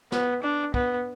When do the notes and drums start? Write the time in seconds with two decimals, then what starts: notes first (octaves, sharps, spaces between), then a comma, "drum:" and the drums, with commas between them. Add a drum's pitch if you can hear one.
0.12 B3, drum: snare
0.43 D4
0.74 B3, drum: kick